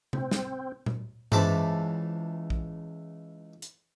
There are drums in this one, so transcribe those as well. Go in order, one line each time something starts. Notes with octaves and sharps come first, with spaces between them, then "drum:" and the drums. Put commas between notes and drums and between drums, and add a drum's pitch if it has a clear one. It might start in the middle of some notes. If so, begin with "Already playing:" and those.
C4, drum: tom C3
drum: snare
drum: tom A#2
C#2 E3 C5 A5 B5 D6, drum: tom G2
drum: kick
drum: hi-hat